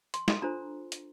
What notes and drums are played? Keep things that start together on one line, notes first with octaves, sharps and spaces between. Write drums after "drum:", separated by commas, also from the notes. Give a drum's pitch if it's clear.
C6, drum: hi-hat
C6, drum: snare
D4 F4 A4 C5 A#5
drum: hi-hat